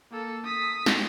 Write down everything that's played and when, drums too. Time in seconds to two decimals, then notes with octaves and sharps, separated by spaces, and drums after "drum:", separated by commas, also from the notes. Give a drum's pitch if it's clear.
0.11 A#3 A4
0.44 D#6 B6
0.86 drum: snare